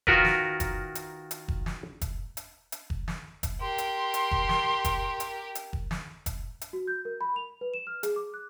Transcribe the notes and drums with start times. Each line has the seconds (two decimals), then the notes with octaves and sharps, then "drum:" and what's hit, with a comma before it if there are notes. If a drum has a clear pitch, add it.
0.07 D#3 F4 F#4 A#4 B4, drum: kick
0.25 drum: snare
0.60 drum: kick, hi-hat
0.95 drum: hi-hat
1.31 drum: hi-hat
1.48 drum: kick
1.66 drum: snare
2.01 drum: kick, hi-hat
2.37 drum: hi-hat
2.72 drum: hi-hat
2.90 drum: kick
3.08 drum: snare
3.43 drum: kick, hi-hat
3.61 G4 A#4 C6
3.78 drum: hi-hat
4.14 drum: hi-hat
4.31 drum: kick
4.49 drum: snare
4.85 drum: kick, hi-hat
5.20 drum: hi-hat
5.55 drum: hi-hat
5.73 drum: kick
5.91 drum: snare
6.26 drum: kick, hi-hat
6.61 drum: hi-hat
6.73 F#4
6.87 G6
7.05 A#4
7.21 B5
7.36 F7
7.61 B4
7.74 E7
7.87 F6
8.03 G#4, drum: hi-hat
8.16 D6
8.34 F#6